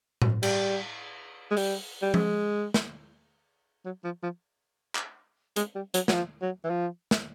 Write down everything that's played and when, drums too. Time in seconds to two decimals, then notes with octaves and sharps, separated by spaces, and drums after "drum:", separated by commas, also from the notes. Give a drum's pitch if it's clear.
0.22 drum: tom A2
0.43 G3, drum: cymbal
1.50 G#3
1.57 G3, drum: open hi-hat
2.02 G3
2.14 G#3, drum: tom F3
2.74 drum: snare
3.85 F#3
4.04 F3
4.23 F3
4.95 drum: clap
5.56 G#3, drum: hi-hat
5.75 G3
5.94 F#3, drum: hi-hat
6.08 F#3, drum: snare
6.13 F3
6.42 F#3
6.64 E3
6.70 F3
7.11 drum: snare